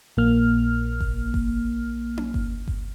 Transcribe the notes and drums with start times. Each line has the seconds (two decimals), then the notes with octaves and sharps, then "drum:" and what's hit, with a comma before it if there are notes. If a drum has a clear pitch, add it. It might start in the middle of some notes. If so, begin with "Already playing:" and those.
0.17 A#1 A#3 F6
1.01 drum: kick G1
1.34 drum: kick G1
2.17 drum: tom C#4
2.34 drum: kick G1
2.68 drum: kick G1